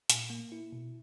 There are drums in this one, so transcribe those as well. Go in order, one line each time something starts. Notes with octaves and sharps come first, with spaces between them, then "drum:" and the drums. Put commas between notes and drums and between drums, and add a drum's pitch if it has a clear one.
A#2, drum: hi-hat
A#3
E4
B2